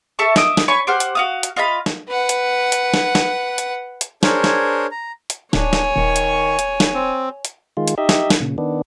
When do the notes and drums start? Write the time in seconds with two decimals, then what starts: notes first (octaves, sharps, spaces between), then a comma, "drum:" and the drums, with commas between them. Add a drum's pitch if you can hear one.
0.19 A4 E5 A5 C#6
0.36 D#5 E5 D6 D#6, drum: snare
0.57 drum: snare
0.68 C#5 G#5 B5 C#6
0.87 G4 C5 F#5 F6
1.00 drum: hi-hat
1.15 F#4 F5 D#6
1.43 drum: hi-hat
1.56 F4 D#5 F5 B5
1.86 drum: snare
2.08 B4 F#5
2.29 drum: hi-hat
2.72 drum: hi-hat
2.94 drum: snare
3.15 drum: snare
3.58 drum: hi-hat
4.01 drum: hi-hat
4.23 D4 G#4 A#4 C5 C#5, drum: snare
4.44 drum: snare
4.91 A#5
5.30 drum: hi-hat
5.53 D1 D4 C#5 G#5, drum: snare
5.73 drum: snare
5.96 D#1 D#3 C#6
6.16 drum: hi-hat
6.59 drum: hi-hat
6.80 drum: snare
6.94 C4
7.45 drum: hi-hat
7.77 D#3 G#3 F4
7.88 drum: hi-hat
7.98 D#4 G4 D#5 E5
8.09 drum: snare
8.30 drum: snare
8.40 A#2 C#3
8.58 D#3 B3 D4